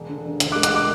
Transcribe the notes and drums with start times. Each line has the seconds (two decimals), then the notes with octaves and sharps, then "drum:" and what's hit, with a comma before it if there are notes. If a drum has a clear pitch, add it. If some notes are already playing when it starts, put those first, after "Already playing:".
Already playing: E1
0.09 D3
0.25 E1
0.40 D2, drum: hi-hat
0.52 D6 F#6
0.56 G#3
0.63 D6 F#6, drum: hi-hat
0.75 D6 F#6